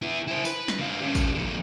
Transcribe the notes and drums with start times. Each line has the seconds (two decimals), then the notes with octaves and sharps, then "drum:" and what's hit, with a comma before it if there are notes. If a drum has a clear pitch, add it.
0.02 B3 E4
0.28 E4 C5
0.45 B4, drum: tambourine
0.68 drum: snare
0.79 D3 F4
1.00 G3 C#4
1.15 drum: kick G#1, tambourine
1.33 F2 D3